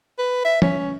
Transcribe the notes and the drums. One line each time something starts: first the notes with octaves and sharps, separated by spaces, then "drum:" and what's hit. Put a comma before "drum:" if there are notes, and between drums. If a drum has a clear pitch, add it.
B4
E5
C#4, drum: tom